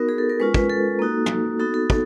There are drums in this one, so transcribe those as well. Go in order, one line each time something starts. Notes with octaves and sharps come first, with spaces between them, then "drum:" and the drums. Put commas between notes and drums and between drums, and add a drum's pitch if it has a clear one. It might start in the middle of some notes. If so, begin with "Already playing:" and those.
Already playing: B3 D#4 F#4 A#4
G#4
A4
A#4
G#3 C#4 F4 B4
B4, drum: kick
A4
A#3 D#4 F#4
drum: tom
B3 D#4 F#4 A4
A4
A4, drum: kick